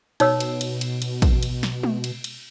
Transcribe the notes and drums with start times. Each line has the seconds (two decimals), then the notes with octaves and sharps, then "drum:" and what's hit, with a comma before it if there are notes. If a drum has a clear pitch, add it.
0.20 B2 D#4 C#5 E6, drum: cymbal
0.40 drum: cymbal
0.61 drum: cymbal
0.81 drum: cymbal
1.02 drum: cymbal
1.22 drum: kick, cymbal
1.43 drum: cymbal
1.63 drum: snare
1.83 drum: tom G#3
2.04 drum: cymbal
2.24 drum: cymbal